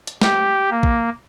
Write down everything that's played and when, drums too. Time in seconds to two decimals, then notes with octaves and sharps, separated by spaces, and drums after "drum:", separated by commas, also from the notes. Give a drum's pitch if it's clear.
0.07 drum: hi-hat
0.21 G4, drum: snare
0.71 A#3
0.83 drum: kick